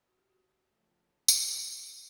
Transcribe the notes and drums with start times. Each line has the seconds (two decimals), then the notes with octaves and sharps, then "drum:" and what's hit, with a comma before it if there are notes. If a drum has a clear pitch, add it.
0.08 F#4
0.19 G4
0.30 F#4
0.72 C#3 F3 A3
1.28 F#4, drum: tambourine
1.35 G4